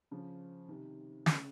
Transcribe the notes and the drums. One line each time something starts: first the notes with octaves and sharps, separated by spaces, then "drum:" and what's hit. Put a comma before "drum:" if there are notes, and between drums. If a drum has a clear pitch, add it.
C#3 F3
C3 D#3
C#3, drum: snare